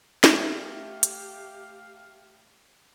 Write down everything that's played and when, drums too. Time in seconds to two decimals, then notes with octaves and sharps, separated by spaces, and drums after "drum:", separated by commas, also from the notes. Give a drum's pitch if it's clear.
0.24 A3 G4 F5, drum: snare
1.03 drum: hi-hat